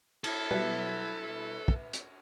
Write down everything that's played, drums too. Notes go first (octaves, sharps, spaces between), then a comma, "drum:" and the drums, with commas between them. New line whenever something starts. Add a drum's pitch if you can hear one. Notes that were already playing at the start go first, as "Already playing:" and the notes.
E4 A4, drum: cymbal
B2 F#3 G3 B4 E5
drum: kick
drum: hi-hat